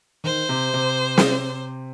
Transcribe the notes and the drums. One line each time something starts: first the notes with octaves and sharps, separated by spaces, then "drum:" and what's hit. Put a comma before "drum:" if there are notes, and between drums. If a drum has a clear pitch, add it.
D#3 C5
C3
C3
drum: snare